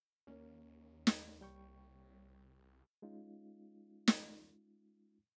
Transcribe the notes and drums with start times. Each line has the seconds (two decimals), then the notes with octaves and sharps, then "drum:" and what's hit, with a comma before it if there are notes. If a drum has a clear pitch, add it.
0.27 D#2 A#3 C#4 C#5
1.07 drum: snare
1.41 C2 G3 G5 C#6
3.02 G#3 C#4 D#4 F4
4.08 drum: snare